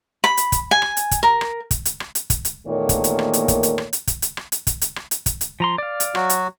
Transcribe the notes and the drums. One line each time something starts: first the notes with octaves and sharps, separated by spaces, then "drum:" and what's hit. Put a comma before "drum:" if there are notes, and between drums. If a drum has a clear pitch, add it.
B5
drum: hi-hat
drum: kick, hi-hat
G#5
drum: rim click
drum: hi-hat
drum: kick, hi-hat
A#4
drum: rim click
drum: kick, hi-hat
drum: hi-hat
drum: rim click
drum: hi-hat
drum: kick, hi-hat
drum: hi-hat
E2 A#2 D#3 A3 A#3 C#5
drum: kick, hi-hat
drum: hi-hat
drum: rim click
drum: hi-hat
drum: kick, hi-hat
drum: hi-hat
drum: rim click
drum: hi-hat
drum: kick, hi-hat
drum: hi-hat
drum: rim click
drum: hi-hat
drum: kick, hi-hat
drum: hi-hat
drum: rim click
drum: hi-hat
drum: kick, hi-hat
drum: hi-hat
F3 A#5 C6
D5 F5
drum: hi-hat
F#3 F#4, drum: rim click
drum: hi-hat